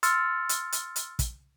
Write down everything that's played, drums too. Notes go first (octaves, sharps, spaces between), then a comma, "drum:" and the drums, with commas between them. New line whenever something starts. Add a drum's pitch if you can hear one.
C6 E6 F6 A6 C#7, drum: hi-hat
drum: hi-hat
drum: hi-hat
drum: hi-hat
drum: kick, hi-hat